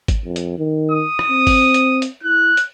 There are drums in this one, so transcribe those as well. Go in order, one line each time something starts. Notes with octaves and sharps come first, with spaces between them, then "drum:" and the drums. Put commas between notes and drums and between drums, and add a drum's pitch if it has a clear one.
drum: kick G#1, hi-hat
F2
drum: hi-hat
D#3
D#6
drum: rim click
C4
drum: kick G#1, open hi-hat
drum: hi-hat
drum: hi-hat
E4 F#6
drum: hi-hat